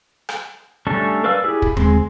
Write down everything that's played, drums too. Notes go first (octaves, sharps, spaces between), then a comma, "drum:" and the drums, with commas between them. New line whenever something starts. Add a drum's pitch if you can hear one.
drum: rim click
G3 A3 C#4 D4 A4
A#4 B4 D5 F5 E6
E4 G4 G#4
drum: kick
G#3 C4, drum: tom D#2